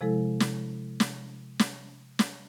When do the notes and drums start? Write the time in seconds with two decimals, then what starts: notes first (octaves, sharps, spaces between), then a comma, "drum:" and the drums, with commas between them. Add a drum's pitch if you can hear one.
0.01 C3 F3 G#3 E4 A4
0.40 drum: snare
1.00 drum: snare
1.59 drum: snare
2.19 drum: snare